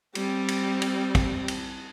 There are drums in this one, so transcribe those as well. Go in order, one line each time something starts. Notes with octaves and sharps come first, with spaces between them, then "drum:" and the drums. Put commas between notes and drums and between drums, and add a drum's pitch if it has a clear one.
G3 C4, drum: cymbal
drum: cymbal
drum: cymbal
drum: kick, cymbal
drum: cymbal